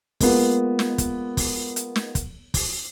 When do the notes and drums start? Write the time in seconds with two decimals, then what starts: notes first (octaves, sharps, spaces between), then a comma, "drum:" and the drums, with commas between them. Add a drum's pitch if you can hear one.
0.20 G#3 A#3 B3 F4, drum: kick, open hi-hat
0.79 drum: snare
0.98 drum: kick, hi-hat
1.37 drum: kick, open hi-hat
1.76 drum: hi-hat
1.96 drum: snare
2.15 drum: kick, hi-hat
2.54 drum: kick, open hi-hat